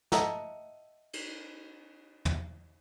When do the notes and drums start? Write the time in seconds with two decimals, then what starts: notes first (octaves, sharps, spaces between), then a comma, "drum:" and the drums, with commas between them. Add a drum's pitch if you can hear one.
0.12 D#5 E5 F#5 A5 A#5, drum: snare
1.13 drum: cymbal
2.25 drum: tom